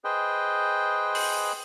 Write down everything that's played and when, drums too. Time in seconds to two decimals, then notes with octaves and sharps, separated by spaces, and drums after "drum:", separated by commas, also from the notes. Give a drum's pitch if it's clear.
0.04 G#4 B4 C5 D#5 G5
1.15 drum: open hi-hat